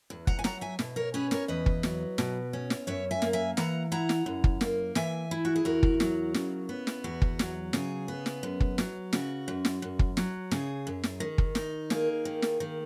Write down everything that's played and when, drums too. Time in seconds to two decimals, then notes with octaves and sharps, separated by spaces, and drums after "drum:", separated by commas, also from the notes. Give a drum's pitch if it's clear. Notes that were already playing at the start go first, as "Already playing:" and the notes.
0.10 E2
0.27 F#5 A#5, drum: kick
0.39 G#5
0.44 F#3 F#5 A#5, drum: snare
0.61 E5 G#5
0.79 B2, drum: snare
0.96 A#4 C#5
1.14 C#4 G#4 B4
1.31 A#4 C#5, drum: snare
1.48 E2 B4 D#5
1.66 drum: kick
1.83 F#3, drum: snare
2.18 B2, drum: snare
2.53 C#4
2.70 drum: snare
2.87 F#2 C#5 E5
3.11 E5 G#5
3.22 A#3, drum: snare
3.33 E5 G#5
3.57 E3 F#5 A#5, drum: snare
3.92 E4 F#5 A#5
4.09 drum: snare
4.26 F#2
4.44 drum: kick
4.61 A#3, drum: snare
4.95 E3 E5 G#5, drum: snare
5.31 E4
5.45 F#4
5.56 G#4
5.65 E2 F#4 A#4
5.83 drum: kick
6.00 F#3, drum: snare
6.34 C#3, drum: snare
6.69 B3
6.87 drum: snare
7.04 E2 F#4
7.22 drum: kick
7.39 F#3, drum: snare
7.73 C#3 G#4, drum: snare
8.08 B3
8.26 drum: snare
8.43 F#2
8.60 drum: kick
8.78 F#3, drum: snare
9.13 C#3 F#4, drum: snare
9.48 F#2
9.65 drum: snare
9.82 F#2
9.99 drum: kick
10.17 F#3, drum: snare
10.51 C#3 G#4, drum: snare
10.87 F#2
11.03 drum: snare
11.20 D#3
11.38 drum: kick
11.55 D#4, drum: snare
11.90 A#3 G#4, drum: snare
12.25 D#3
12.42 drum: snare
12.60 D#3